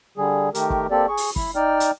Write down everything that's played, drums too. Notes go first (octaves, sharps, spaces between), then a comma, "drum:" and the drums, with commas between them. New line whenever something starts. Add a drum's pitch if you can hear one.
D3 G3 G#4
D#3 A3 G4 A#4, drum: hi-hat
drum: kick
A#3 C4 G4 A4 D5
G#4 C#6
drum: open hi-hat
E4 B5, drum: kick
D#4 D5 G5 F6
drum: hi-hat